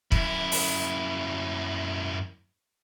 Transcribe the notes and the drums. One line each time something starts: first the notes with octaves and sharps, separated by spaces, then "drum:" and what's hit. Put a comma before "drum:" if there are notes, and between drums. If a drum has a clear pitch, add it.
F#2 E4, drum: kick
drum: open hi-hat